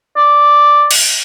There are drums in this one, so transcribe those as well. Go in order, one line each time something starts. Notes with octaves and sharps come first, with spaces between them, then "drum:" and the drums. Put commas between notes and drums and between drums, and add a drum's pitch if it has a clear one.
D5
drum: cymbal